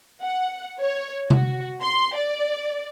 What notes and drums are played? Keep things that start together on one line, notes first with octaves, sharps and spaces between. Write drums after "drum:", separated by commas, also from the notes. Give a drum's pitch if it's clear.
F#5
C#5
F#4, drum: tom C3
C6
D5